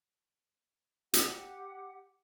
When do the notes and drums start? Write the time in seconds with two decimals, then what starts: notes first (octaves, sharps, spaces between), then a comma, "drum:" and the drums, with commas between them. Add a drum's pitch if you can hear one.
1.13 G4 F#5, drum: hi-hat